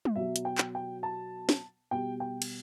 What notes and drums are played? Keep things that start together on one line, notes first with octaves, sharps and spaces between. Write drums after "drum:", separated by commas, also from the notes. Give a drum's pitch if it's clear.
drum: tom
B2 F#3 E5
drum: hi-hat
G5
drum: clap
G5
A5
drum: snare
B2 G3 G5
G5
drum: cymbal